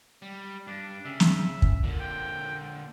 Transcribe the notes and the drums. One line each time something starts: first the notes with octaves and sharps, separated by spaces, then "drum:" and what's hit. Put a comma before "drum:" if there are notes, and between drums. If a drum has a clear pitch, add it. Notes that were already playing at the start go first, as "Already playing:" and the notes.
G3
G2 D4
C#3 E5
drum: snare
drum: kick
A#2 D3
G5